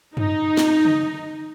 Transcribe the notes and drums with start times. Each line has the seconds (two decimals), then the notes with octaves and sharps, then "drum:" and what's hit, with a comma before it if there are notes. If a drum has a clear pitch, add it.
0.17 D#4, drum: tom F#2
0.57 drum: snare
0.85 drum: tom C#3